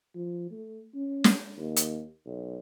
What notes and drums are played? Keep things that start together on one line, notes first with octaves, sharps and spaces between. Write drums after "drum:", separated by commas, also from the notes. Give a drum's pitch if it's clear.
F3
A3
C#4
drum: snare
D#2
drum: hi-hat
B1